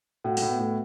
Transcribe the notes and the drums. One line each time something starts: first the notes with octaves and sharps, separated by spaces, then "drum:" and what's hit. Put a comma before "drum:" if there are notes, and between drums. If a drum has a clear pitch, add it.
A2 F#4
A3, drum: open hi-hat
A2
B3
A2